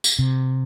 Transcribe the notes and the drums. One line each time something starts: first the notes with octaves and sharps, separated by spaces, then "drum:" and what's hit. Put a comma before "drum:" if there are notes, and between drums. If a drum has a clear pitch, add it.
drum: tambourine
C3